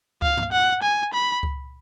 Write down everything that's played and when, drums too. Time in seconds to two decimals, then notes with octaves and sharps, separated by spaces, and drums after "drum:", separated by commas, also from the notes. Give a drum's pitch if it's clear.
0.22 F5, drum: kick C#2
0.37 drum: tom G2
0.52 F#5
0.82 G#5
1.13 B5
1.43 drum: kick C#2